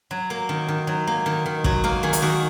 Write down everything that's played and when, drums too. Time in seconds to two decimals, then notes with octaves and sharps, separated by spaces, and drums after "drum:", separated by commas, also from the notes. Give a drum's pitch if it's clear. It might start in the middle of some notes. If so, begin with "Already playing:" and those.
0.11 F#3
0.30 A#3
0.49 D#3
0.68 D#3
0.87 F#3
1.07 A#3
1.26 D#3
1.46 D#3
1.64 F#3 F#4, drum: kick
1.84 A#3 A#4
2.03 D#3 G#4
2.13 drum: hi-hat
2.22 D#3 F#4